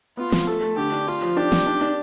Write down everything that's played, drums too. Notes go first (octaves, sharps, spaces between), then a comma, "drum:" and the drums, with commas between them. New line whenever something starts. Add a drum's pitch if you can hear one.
B3 F4
F3, drum: snare
A3 A4
A3
D3 G4
D4
F4 G4
F3
D4 G4
D4, drum: snare
D4
D4